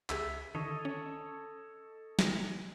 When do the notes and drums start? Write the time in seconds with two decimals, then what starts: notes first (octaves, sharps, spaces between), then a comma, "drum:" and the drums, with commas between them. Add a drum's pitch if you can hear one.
0.10 C#2 G4 G#4 E5, drum: clap
0.55 D3 D#3 A4 C#5 D#5
0.85 C#4
2.19 drum: snare